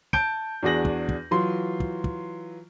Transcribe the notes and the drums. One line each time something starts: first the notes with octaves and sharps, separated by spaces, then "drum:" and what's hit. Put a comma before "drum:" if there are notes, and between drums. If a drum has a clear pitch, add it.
A5 G6 D7, drum: kick
E2 D4 F#4 G#4 A#6 F#7
drum: kick
drum: kick
E3 F#3 F4 C6
drum: kick
drum: kick